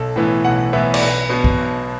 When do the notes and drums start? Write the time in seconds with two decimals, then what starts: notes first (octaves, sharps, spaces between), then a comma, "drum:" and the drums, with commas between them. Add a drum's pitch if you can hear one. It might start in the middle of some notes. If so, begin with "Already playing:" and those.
Already playing: B1 A4
0.16 A2 E3 B3
0.44 B1 F#5
0.73 A2 E3 B3 E5
0.94 D5, drum: cymbal
1.01 B1 B4
1.29 B2 B3
1.44 drum: kick B1
1.58 B1